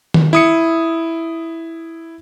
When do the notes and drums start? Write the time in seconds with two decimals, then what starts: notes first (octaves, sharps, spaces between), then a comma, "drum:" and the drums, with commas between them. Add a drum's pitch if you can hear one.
0.14 drum: tom D#3
0.33 E4 D#6 C#7